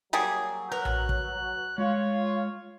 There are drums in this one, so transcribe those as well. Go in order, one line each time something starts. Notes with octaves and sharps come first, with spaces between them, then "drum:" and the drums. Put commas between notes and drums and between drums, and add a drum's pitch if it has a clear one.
F#3 G3 A#3 G#4
A#4 B4 C#5 A#5 F#6
drum: tom A#1
drum: kick
G#3 F4 C#5